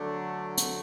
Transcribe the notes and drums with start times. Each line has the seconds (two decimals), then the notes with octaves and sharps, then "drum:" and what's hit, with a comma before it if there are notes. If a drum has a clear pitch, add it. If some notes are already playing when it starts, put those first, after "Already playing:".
Already playing: D3 F#3 A3 D4
0.57 drum: hi-hat